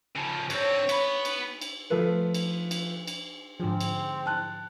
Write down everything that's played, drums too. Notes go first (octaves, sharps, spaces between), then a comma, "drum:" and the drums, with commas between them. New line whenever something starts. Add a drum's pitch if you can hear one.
C#3 F3
G2 C4 C#5, drum: cymbal
B3 B5, drum: cymbal
drum: cymbal
drum: cymbal
F3 A3 F4 B4
drum: cymbal
drum: cymbal
drum: cymbal
G#2 D3 F3 C4 G#4
drum: cymbal
A5 F#6